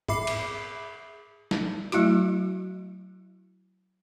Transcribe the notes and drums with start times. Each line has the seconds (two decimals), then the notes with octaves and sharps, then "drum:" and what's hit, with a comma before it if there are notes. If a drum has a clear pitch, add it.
0.09 G#4 E5 B5 D6 C7, drum: tom
0.27 drum: cymbal
1.51 drum: snare
1.92 F#3 A3 E4 F#4, drum: hi-hat